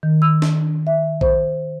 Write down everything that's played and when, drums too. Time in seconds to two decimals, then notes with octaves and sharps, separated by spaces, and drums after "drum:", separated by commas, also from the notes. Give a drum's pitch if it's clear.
0.03 D#3
0.22 E6
0.42 drum: snare
0.87 E5
1.21 C5, drum: kick A#1